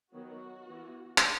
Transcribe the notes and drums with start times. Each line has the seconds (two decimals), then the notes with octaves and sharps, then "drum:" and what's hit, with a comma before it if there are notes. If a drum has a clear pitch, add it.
0.14 D#3 F#3 B3 F#4
0.68 E3 B3
1.18 drum: clap